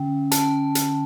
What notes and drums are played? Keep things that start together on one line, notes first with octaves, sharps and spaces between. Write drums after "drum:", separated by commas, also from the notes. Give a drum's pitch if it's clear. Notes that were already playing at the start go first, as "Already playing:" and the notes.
Already playing: D3 C#4 G5
A5, drum: hi-hat
drum: hi-hat